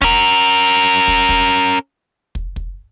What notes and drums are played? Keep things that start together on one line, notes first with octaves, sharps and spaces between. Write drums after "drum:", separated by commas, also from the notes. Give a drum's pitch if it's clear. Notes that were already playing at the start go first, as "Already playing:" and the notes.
C#4 A#4, drum: kick
drum: kick
drum: kick
drum: kick
drum: kick